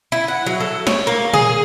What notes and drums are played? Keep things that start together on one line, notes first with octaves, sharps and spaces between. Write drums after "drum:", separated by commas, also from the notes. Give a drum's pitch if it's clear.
E4
F#5
F#3
A4
C#5, drum: snare
A#3
G#4, drum: tom A#2